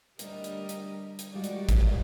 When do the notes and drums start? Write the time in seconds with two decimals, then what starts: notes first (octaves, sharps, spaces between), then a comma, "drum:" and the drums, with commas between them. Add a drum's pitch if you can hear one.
0.19 D2 G3 D4 A#4 D#5, drum: hi-hat
0.44 drum: hi-hat
0.69 drum: hi-hat
1.19 drum: hi-hat
1.34 D#3 G3 G#3 F4 F#4 D5
1.44 drum: hi-hat
1.69 drum: kick A1, hi-hat